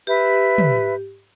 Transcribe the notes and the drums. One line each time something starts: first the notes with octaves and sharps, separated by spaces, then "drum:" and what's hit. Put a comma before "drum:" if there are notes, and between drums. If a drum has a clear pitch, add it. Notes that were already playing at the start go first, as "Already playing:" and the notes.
G4 B4 E5
drum: tom